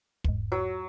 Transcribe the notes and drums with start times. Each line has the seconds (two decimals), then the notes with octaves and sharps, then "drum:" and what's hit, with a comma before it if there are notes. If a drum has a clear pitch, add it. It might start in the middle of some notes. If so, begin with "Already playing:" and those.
0.24 E2 G#2, drum: kick
0.52 F#3